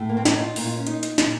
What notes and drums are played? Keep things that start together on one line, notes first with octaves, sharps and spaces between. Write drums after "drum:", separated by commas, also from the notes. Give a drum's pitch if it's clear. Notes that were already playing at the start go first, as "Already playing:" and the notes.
Already playing: A2
A#3
C4
C#4, drum: snare
D#4
F4
A#2 D#4, drum: open hi-hat
F4
C#4
D#4, drum: hi-hat
drum: hi-hat
A#2, drum: snare